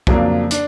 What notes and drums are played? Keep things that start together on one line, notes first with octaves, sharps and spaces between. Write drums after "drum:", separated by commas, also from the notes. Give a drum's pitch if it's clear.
F2 C#3 F#3 A#3 D4, drum: kick
D4, drum: hi-hat